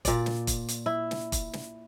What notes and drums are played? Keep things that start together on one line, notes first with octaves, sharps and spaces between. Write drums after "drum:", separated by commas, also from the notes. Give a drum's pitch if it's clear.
A#2 D5, drum: kick F1, hi-hat
drum: snare
drum: kick F1, hi-hat
drum: hi-hat
E4
drum: snare
drum: kick F1, hi-hat
drum: snare